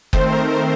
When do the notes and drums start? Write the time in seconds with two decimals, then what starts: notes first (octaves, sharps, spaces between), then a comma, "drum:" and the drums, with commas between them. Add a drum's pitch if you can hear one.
0.13 D#3 A3 C4 C5, drum: kick F#1
0.32 A#4
0.51 C5